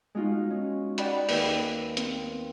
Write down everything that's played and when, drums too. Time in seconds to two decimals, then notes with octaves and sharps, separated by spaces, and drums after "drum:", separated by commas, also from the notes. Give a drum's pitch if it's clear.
0.15 G#3 D#4 F4 F#4
0.50 C#4
0.98 D5 D#5 F#5 G5 B5, drum: hi-hat
1.29 D#2 B4 E6, drum: open hi-hat
1.97 C4, drum: hi-hat